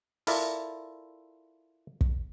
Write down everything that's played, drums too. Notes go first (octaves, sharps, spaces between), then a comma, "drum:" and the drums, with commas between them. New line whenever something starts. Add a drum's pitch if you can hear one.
E4 F4 A4 A#4 D5 E5, drum: open hi-hat
drum: kick